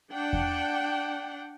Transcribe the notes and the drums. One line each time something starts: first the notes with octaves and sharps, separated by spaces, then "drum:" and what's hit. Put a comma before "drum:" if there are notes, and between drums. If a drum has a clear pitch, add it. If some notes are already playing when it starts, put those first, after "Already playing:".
D4 F#5 G5
drum: kick E2